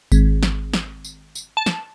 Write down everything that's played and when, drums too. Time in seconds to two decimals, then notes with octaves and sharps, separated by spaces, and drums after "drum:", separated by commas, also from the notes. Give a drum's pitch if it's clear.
0.12 G#1, drum: tambourine
0.43 drum: snare
0.74 drum: snare
1.04 drum: tambourine
1.35 drum: tambourine
1.57 A5
1.66 drum: snare